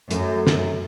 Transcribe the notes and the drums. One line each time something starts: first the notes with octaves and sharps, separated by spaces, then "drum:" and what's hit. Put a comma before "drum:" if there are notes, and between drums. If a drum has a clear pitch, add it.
F#2 A3, drum: hi-hat
drum: snare